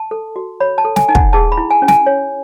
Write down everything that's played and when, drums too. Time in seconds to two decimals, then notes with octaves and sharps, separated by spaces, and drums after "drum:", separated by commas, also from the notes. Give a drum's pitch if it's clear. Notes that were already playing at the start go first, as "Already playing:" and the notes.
Already playing: A5
0.11 A4
0.36 F#4
0.60 C#5 B5
0.78 A5
0.85 A4
0.96 G#5, drum: snare
1.08 D#4 G#5
1.15 F#5, drum: kick
1.33 G#4 A5
1.52 B5
1.57 E4
1.71 G#5
1.82 C#4
1.88 G#5, drum: snare
2.06 C#5